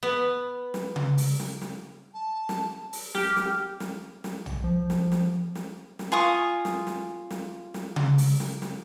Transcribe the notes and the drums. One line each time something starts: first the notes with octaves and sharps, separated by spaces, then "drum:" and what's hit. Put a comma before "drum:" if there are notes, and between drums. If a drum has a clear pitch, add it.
B3
drum: snare
drum: tom C#3
drum: open hi-hat
drum: snare
drum: snare
A5
drum: snare
drum: open hi-hat
G4 F6, drum: snare
drum: snare
drum: snare
drum: snare
drum: tom
F3
drum: snare
drum: snare
drum: snare
drum: snare
F4 G#5 C#6 D#6
drum: snare
drum: snare
drum: snare
drum: snare
drum: tom C#3
drum: open hi-hat
drum: snare
drum: snare